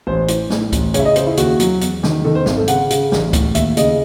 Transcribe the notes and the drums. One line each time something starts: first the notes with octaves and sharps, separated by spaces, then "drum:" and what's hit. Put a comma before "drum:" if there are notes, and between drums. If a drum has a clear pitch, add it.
A1 C5
E3, drum: hi-hat
A2, drum: snare
A1, drum: kick C#2, hi-hat
C#3 C#5, drum: hi-hat
E5
D#5
C#3 C5, drum: hi-hat
E4
D#2 F#4, drum: hi-hat
F#3, drum: hi-hat
E2, drum: hi-hat
D#3, drum: snare
D#3 A4
C5
G#1 C5, drum: snare
A4
C#3 F#5, drum: hi-hat
C#3, drum: hi-hat
A1, drum: snare
A2, drum: kick C#2, hi-hat
D#2 E5, drum: hi-hat
C#3 D#5, drum: hi-hat